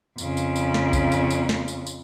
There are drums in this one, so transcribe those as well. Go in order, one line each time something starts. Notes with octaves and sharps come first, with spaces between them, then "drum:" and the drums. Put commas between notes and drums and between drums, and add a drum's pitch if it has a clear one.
F2 C#3, drum: tambourine
drum: tambourine
drum: tambourine
drum: snare
drum: kick B1, tambourine
drum: tambourine
drum: tambourine
drum: snare
drum: tambourine
drum: tambourine